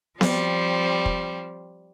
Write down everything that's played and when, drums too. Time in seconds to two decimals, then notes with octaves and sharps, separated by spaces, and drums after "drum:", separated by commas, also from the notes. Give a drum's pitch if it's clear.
0.21 F3 G3 C4, drum: snare B3
1.06 drum: kick